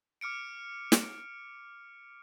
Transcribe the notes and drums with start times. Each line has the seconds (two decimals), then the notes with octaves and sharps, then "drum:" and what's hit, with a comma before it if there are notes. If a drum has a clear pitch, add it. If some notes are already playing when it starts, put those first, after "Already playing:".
0.21 D6 F6 C#7 D7
0.92 drum: snare